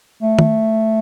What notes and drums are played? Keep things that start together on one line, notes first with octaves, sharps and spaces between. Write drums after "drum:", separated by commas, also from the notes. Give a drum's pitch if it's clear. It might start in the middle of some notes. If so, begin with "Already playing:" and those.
A3
drum: tom D#3